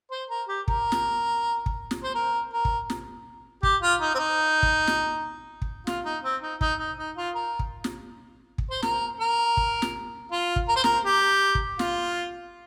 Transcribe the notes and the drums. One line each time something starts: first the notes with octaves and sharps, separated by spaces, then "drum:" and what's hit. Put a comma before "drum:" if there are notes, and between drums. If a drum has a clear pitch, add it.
C5
A#4
G4
A#4, drum: kick
drum: snare
drum: kick
drum: snare
C5
A#4
A#4
drum: kick
drum: snare
G4, drum: kick
F4
D#4
C4
D#4
drum: kick
drum: snare
drum: kick
F4, drum: snare
D#4
C4
D#4
D#4, drum: kick
D#4
D#4
F4
A#4
drum: kick
drum: snare
drum: kick
C5
A#4, drum: snare
A#4
drum: kick
drum: snare
F4
drum: kick
A#4
C5
A#4, drum: snare
G4
drum: kick
F4, drum: snare